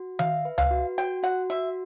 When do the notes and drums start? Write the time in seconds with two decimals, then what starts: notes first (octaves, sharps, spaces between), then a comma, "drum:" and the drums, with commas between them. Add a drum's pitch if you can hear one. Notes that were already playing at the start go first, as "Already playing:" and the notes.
Already playing: F#4
0.19 E5 F5, drum: tom D#3
0.45 B4
0.58 F5, drum: tom C#2
0.71 F#4
0.98 F#4 G5
1.23 F#4 F#5
1.50 F#4 E5